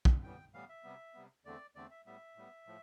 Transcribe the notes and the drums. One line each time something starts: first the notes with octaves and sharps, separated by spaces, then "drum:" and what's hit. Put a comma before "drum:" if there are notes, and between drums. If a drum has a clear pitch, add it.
drum: kick
A2 E3 G3 B3 G5
A2 E3 G3 B3 F5
E5
C3 G3 B3
C3 G3 B3
E2 D3 A3 C4 D5
E2 D3 A3 C4 D5
E5
A2 G3 B3 E5
A2 G3 B3
A2 F3